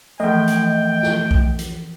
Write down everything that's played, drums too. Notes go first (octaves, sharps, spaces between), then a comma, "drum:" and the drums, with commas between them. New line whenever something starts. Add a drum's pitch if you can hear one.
E3 F3 A3 D#5 G5
drum: hi-hat
drum: snare
drum: kick A#1
drum: hi-hat